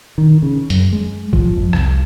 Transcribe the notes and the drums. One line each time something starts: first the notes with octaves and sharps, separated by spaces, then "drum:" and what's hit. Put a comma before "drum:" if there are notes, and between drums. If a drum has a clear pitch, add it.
D#3
C#3
F#2, drum: hi-hat
G#3
F3, drum: kick G1
F2
C2, drum: rim click